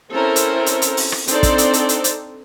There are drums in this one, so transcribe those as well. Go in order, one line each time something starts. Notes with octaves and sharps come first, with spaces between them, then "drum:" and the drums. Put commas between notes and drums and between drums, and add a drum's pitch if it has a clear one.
C4 C#4 E4 A4 A#4 C5
drum: hi-hat
drum: hi-hat
drum: hi-hat
drum: open hi-hat
drum: rim click
C4 D4 D#4 A4 C5 D5, drum: hi-hat
drum: kick, hi-hat
drum: hi-hat
drum: hi-hat
drum: hi-hat
drum: hi-hat